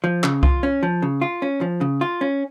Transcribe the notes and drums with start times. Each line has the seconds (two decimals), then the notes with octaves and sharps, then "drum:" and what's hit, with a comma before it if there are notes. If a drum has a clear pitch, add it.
0.04 F3
0.24 C#3, drum: clap
0.43 F4, drum: kick C2
0.63 C#4
0.83 F3
1.02 C#3
1.22 F4
1.42 C#4
1.61 F3
1.81 C#3
2.01 F4
2.21 C#4